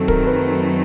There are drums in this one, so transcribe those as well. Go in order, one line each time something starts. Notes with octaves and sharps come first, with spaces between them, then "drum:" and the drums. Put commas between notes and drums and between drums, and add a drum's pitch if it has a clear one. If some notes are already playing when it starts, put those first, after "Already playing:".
Already playing: F#2 D#3 F#3 A3 C4 A4
A#4, drum: kick
B4